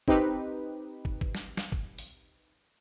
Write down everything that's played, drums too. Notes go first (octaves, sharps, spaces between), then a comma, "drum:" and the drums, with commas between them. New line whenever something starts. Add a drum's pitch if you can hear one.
C4 D#4 G4 B4, drum: kick
drum: kick
drum: kick
drum: snare
drum: snare
drum: kick
drum: open hi-hat